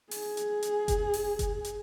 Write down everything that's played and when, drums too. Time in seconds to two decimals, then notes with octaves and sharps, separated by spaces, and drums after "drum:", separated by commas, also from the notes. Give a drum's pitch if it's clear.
0.11 G#4, drum: open hi-hat
0.37 drum: hi-hat
0.63 drum: hi-hat
0.88 drum: kick F#1, hi-hat
1.14 drum: open hi-hat
1.39 drum: kick F#1, hi-hat
1.65 drum: hi-hat